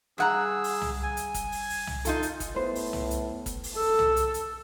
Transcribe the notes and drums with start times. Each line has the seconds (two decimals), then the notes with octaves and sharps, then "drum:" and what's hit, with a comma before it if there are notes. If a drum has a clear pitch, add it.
0.18 G2 G#4 F#5 A#5 E6
0.64 drum: open hi-hat
0.82 drum: tom C2
1.03 G#5
1.17 drum: hi-hat
1.34 drum: kick, hi-hat
1.52 drum: open hi-hat
1.70 drum: open hi-hat
1.87 drum: tom C2
2.05 D#4 F4 A4, drum: hi-hat
2.23 drum: hi-hat
2.40 drum: kick, hi-hat
2.55 A2 B3 B4 C5
2.75 drum: open hi-hat
2.93 drum: tom C2
3.11 drum: hi-hat
3.46 drum: kick, hi-hat
3.64 drum: open hi-hat
3.76 A4 E6
3.99 drum: tom C2
4.16 drum: hi-hat
4.34 drum: hi-hat